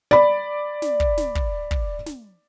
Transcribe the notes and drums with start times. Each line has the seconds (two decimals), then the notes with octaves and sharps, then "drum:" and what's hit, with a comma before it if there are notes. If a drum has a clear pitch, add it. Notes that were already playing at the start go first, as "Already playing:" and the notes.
0.11 D5 B5
0.82 drum: snare
1.00 drum: kick
1.18 drum: snare
1.35 drum: kick
1.71 drum: kick
2.06 drum: snare